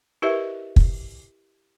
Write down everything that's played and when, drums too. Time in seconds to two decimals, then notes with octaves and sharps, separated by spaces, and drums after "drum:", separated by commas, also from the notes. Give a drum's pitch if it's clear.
0.22 E4 G4 A#4 B4 D#5 E5
0.76 drum: kick